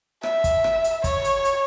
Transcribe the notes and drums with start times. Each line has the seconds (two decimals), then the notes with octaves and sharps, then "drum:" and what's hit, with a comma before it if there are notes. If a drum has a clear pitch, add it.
0.23 E5, drum: rim click
0.44 drum: kick, hi-hat
0.64 drum: rim click
0.84 drum: hi-hat
1.04 C#5, drum: kick, hi-hat
1.25 drum: hi-hat
1.45 drum: hi-hat